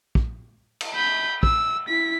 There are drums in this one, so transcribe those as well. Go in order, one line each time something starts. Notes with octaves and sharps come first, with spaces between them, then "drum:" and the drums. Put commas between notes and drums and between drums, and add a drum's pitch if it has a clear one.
drum: kick
drum: cymbal
B5 G6
E6, drum: kick
E4 B6